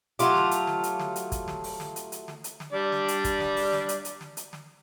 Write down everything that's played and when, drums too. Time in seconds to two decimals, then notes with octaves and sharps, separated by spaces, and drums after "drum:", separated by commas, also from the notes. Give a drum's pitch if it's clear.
0.19 F#3 A3 F4 G4, drum: hi-hat
0.35 drum: snare
0.51 drum: hi-hat
0.67 drum: snare
0.83 drum: hi-hat
1.00 drum: snare
1.16 drum: hi-hat
1.32 drum: kick, hi-hat
1.48 drum: snare
1.64 drum: open hi-hat
1.80 drum: snare
1.96 drum: hi-hat
2.12 drum: hi-hat
2.28 drum: snare
2.44 drum: hi-hat
2.60 drum: snare
2.73 G3 D4 D5
2.92 drum: snare
3.08 drum: hi-hat
3.24 drum: kick, hi-hat
3.40 drum: snare
3.57 drum: open hi-hat
3.73 drum: snare
3.89 drum: hi-hat
4.05 drum: hi-hat
4.21 drum: snare
4.37 drum: hi-hat
4.53 drum: snare